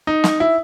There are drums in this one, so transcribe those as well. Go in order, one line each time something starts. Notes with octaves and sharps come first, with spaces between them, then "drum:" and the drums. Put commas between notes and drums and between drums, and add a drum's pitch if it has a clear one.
D#4
drum: snare
E4